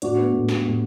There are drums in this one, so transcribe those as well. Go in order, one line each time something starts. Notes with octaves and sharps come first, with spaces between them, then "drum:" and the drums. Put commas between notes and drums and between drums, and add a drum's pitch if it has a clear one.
A2 D4 F#4, drum: hi-hat
B3
A2
G3, drum: snare
A2